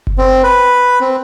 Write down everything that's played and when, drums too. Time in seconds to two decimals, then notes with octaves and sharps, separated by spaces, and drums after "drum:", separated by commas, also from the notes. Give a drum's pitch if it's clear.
0.07 drum: kick F#1
0.18 C4
0.44 B4
1.01 C4